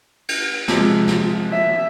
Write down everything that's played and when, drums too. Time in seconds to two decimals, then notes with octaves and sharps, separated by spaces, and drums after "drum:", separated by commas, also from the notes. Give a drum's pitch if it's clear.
0.29 drum: cymbal
0.68 C3 F3 G#3, drum: snare
1.07 drum: snare
1.52 E5